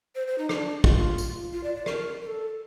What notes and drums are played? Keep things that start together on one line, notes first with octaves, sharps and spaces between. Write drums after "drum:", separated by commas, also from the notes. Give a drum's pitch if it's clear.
C5
C5
D#4
D#4, drum: rim click
D4
F4, drum: kick
drum: tambourine
F4
D5
D5
A#4, drum: rim click
A#4
A4